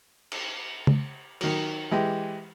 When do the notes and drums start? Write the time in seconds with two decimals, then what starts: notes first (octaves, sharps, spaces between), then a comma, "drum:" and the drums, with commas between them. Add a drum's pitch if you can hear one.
0.32 drum: cymbal
0.87 drum: tom C#3
1.41 D#3 F#3, drum: cymbal
1.91 E3 G#3 G4